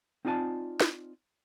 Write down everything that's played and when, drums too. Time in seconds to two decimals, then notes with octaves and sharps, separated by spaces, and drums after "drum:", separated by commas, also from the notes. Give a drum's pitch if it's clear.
0.25 C4 D#4 F4 D5 G#5 A5
0.80 drum: snare